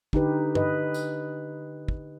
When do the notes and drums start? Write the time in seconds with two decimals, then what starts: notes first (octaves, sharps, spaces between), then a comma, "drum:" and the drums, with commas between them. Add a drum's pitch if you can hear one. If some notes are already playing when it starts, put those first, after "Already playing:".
0.13 D3 D#4 G4 B4, drum: kick
0.55 B4 D#5, drum: tom G2
0.94 drum: tambourine
1.88 drum: kick